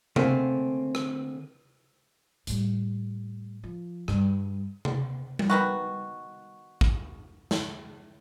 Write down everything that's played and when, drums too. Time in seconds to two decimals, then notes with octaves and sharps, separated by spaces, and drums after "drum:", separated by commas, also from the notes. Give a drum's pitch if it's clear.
0.16 D3 A3 A#3 C4 C#4, drum: tom C3
0.95 drum: rim click
2.47 A2 G3, drum: hi-hat
3.63 F3
4.08 G2 G3, drum: rim click
4.85 drum: tom C3
5.39 drum: tom G3
5.50 D#3 B3 F#4
6.81 drum: kick
7.51 drum: snare